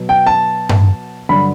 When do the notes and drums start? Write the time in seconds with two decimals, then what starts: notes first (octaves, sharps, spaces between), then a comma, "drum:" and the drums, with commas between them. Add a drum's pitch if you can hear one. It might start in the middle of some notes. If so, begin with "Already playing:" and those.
Already playing: B2 F#3
0.09 G5
0.26 A5
0.69 drum: tom G2
1.29 G2 D3 F#3 B5